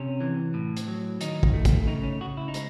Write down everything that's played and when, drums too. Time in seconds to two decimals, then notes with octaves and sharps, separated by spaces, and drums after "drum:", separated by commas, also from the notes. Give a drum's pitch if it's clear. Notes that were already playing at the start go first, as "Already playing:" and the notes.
Already playing: C3 C#4
0.21 E3
0.54 A2
0.77 drum: hi-hat
0.88 F#3
1.21 D#3 D#4, drum: hi-hat
1.43 drum: kick
1.54 A3
1.65 drum: kick, hi-hat
1.87 C#3 D#4
2.04 C#4
2.21 C#3 F#4
2.37 E4
2.48 D#4
2.54 G#3, drum: hi-hat